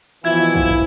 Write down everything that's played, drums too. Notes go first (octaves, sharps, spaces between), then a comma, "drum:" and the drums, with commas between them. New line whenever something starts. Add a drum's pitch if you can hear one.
B2 E3 F3 E4 G#6
drum: kick
drum: kick